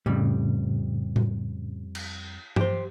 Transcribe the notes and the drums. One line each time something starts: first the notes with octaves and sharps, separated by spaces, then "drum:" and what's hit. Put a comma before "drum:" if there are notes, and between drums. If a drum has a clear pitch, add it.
F2 A2 C#3 G3
drum: tom A2
drum: cymbal
G4 C5, drum: tom G2